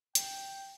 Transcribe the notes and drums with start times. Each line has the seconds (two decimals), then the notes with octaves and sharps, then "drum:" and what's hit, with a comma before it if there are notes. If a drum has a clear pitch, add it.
0.15 G5, drum: hi-hat